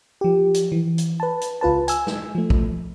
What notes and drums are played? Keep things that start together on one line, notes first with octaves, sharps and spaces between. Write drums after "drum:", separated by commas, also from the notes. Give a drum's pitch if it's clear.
F3 G4
drum: hi-hat
E3
drum: hi-hat
B4 A5
drum: hi-hat
C#2 F4 B4 A5
G#5 E6, drum: hi-hat
drum: snare
F3 A3
drum: kick